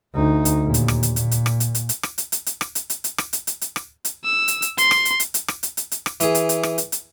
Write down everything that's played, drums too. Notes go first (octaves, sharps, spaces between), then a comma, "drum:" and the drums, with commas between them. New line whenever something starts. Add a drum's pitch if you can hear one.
D2 D#4
drum: hi-hat
D#2 A#2
drum: hi-hat
drum: rim click
drum: hi-hat
A#2, drum: hi-hat
drum: hi-hat
drum: rim click
drum: hi-hat
drum: hi-hat
drum: hi-hat
drum: rim click
drum: hi-hat
drum: hi-hat
drum: hi-hat
drum: rim click
drum: hi-hat
drum: hi-hat
drum: hi-hat
drum: rim click
drum: hi-hat
drum: hi-hat
drum: hi-hat
drum: rim click
drum: hi-hat
E6
drum: hi-hat
drum: hi-hat
C6, drum: hi-hat
drum: rim click
drum: hi-hat
drum: hi-hat
drum: hi-hat
drum: rim click
drum: hi-hat
drum: hi-hat
drum: hi-hat
drum: rim click
E3 G#4, drum: hi-hat
drum: hi-hat
drum: hi-hat
drum: rim click
drum: hi-hat
drum: hi-hat